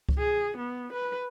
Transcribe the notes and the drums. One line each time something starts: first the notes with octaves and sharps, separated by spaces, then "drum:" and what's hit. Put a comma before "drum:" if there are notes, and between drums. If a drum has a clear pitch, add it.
drum: kick C#2
G#4
B3
B4